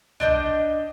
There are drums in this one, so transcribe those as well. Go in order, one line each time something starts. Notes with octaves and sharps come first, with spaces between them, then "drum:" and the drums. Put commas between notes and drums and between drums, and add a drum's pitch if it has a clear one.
D4 D#5 G5 G6, drum: tom